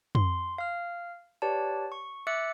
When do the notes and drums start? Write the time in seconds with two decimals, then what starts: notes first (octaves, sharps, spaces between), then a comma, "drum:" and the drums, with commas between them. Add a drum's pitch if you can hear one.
0.15 C6, drum: tom
0.58 F5 F6
1.42 G4 B4 C#5 D5 A5
1.92 C#6
2.27 E5 D6 E6 F#6 A6 C#7